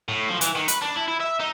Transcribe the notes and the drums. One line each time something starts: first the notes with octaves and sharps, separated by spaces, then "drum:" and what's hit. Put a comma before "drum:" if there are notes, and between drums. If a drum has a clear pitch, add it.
A2
F3
E3, drum: hi-hat
D#3
B4, drum: hi-hat
D4
E4
E4
E5
D#4